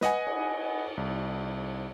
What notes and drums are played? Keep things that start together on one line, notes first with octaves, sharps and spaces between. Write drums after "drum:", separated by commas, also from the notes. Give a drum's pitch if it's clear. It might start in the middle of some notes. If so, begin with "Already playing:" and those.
B4 D#5 F#5 G#5, drum: snare
drum: cymbal
C2